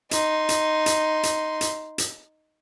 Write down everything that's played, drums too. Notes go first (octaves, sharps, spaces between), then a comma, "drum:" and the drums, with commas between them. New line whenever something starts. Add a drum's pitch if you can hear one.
D#4 C6, drum: hi-hat
drum: hi-hat
drum: hi-hat
drum: hi-hat
drum: hi-hat
drum: hi-hat